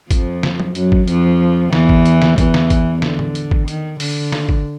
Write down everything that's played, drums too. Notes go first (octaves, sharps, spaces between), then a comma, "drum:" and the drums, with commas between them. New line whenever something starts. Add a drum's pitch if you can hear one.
F2 F3, drum: kick G#1, hi-hat
drum: snare
drum: tom F#3
F#2 F#3, drum: hi-hat
drum: kick G#1
F2 F3, drum: hi-hat
E2 E3, drum: snare
drum: kick G#1
drum: hi-hat
drum: snare
E2 E3, drum: kick G#1, hi-hat
drum: snare
drum: kick G#1, hi-hat
D3, drum: snare
drum: tom
drum: hi-hat
drum: kick G#1
D#3, drum: hi-hat
D3, drum: open hi-hat
drum: snare
drum: kick G#1